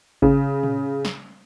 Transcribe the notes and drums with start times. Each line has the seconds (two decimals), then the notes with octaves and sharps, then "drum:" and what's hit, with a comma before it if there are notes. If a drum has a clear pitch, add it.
0.22 C#3, drum: kick G#1
0.63 drum: tom
1.05 drum: snare